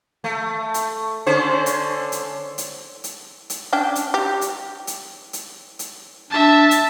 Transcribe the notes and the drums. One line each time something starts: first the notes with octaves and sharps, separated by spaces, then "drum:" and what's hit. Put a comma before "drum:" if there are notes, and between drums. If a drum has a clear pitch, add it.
A3
drum: hi-hat
D3 C#4 C5
drum: hi-hat
drum: hi-hat
drum: hi-hat
drum: hi-hat
drum: hi-hat
C#4 D4 G5
drum: hi-hat
G4
drum: hi-hat
drum: hi-hat
drum: hi-hat
drum: hi-hat
D4 E5 A5
drum: hi-hat